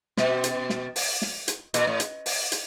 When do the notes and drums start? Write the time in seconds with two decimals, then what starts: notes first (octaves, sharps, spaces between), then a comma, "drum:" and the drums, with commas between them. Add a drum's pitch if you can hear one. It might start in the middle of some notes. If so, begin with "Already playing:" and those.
0.17 B2, drum: snare
0.44 drum: hi-hat
0.70 drum: snare
0.96 drum: open hi-hat
1.22 drum: snare
1.48 drum: hi-hat
1.74 A#2, drum: hi-hat
1.87 A2
2.00 drum: hi-hat
2.26 drum: open hi-hat
2.52 drum: hi-hat